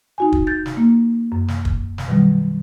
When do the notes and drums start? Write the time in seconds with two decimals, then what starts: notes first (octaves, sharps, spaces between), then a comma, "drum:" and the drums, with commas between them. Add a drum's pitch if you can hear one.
0.18 D#4 F#4 G#5
0.32 drum: kick
0.47 G6 A6
0.66 drum: snare
0.77 A#3
1.32 F#2
1.48 drum: snare
1.65 drum: kick
1.98 drum: snare
2.08 B2 D#3 F#3 G3